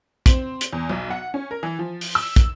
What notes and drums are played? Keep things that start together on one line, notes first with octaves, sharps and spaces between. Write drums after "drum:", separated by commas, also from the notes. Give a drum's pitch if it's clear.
C4, drum: kick, hi-hat
drum: hi-hat
E2
B1
F#5
C#4
A#4
E3
F3
drum: open hi-hat
E6
drum: kick, hi-hat